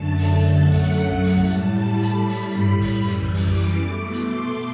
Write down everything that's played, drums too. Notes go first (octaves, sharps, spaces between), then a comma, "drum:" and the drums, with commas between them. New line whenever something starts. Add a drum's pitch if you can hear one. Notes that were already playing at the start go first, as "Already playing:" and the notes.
Already playing: F#2 D3 A3 A5
drum: open hi-hat
F#2 F#3 A3 F#5
drum: kick, open hi-hat
drum: hi-hat
drum: kick
drum: open hi-hat
A2 G3 A5, drum: kick
drum: hi-hat
B5
drum: hi-hat
A2 G3
drum: open hi-hat
drum: tom G2
drum: kick, open hi-hat
F#2 E3 G3
drum: hi-hat
drum: kick
D6, drum: open hi-hat
drum: kick
drum: hi-hat
B2 A3
C6, drum: hi-hat